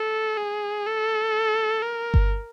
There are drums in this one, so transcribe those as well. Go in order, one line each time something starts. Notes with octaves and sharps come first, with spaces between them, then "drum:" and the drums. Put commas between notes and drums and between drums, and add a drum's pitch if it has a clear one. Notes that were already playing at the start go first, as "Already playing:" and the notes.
Already playing: A4
G#4
A4
A#4
drum: kick G1